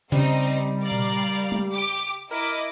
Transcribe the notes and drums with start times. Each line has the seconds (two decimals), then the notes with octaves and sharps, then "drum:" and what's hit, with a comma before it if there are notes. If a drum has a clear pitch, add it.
0.12 C#3 G3 C4 D#4, drum: snare
0.26 drum: hi-hat
0.82 A#4 D5 F5
0.92 drum: tom A#2
1.52 drum: tom G#3
1.73 G4 D6
2.31 E4 A#4 D#5 D6